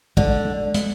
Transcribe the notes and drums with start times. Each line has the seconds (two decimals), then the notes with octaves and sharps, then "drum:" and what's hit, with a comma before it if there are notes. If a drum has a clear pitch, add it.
0.17 D3 G#3, drum: kick
0.45 G#3
0.74 G#3, drum: hi-hat